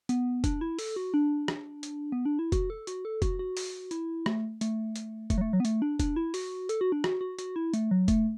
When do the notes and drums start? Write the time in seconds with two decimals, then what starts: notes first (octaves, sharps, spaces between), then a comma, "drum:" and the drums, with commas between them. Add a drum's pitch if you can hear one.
0.09 B3, drum: hi-hat
0.44 D4, drum: kick F1, hi-hat
0.61 E4
0.79 A4, drum: open hi-hat
0.96 F#4
1.14 D4
1.48 drum: rim click
1.83 drum: hi-hat
2.12 B3
2.25 D4
2.39 E4
2.52 F#4, drum: kick F1, hi-hat
2.70 A4
2.87 F#4, drum: hi-hat
3.05 A4
3.22 F#4, drum: kick F1, hi-hat
3.39 F#4
3.57 drum: open hi-hat
3.91 E4, drum: hi-hat
4.26 A3, drum: rim click
4.61 A3, drum: hi-hat
4.96 drum: hi-hat
5.30 A3, drum: kick F1, hi-hat
5.38 F#3
5.41 A3
5.53 F#3
5.60 B3
5.65 A3, drum: hi-hat
5.82 D4
5.99 D4, drum: kick F1, hi-hat
6.16 E4
6.34 F#4, drum: open hi-hat
6.69 A4, drum: hi-hat
6.81 F#4
6.92 D4
7.04 F#4, drum: rim click
7.21 F#4
7.39 F#4, drum: hi-hat
7.56 E4
7.74 A3, drum: hi-hat
7.91 F#3
8.08 A3, drum: kick F1, hi-hat